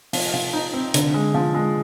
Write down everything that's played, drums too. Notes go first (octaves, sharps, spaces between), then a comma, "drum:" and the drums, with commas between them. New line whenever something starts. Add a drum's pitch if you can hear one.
F3, drum: open hi-hat
F3
D#4
C4
D3, drum: hi-hat
G#3
F3
G#3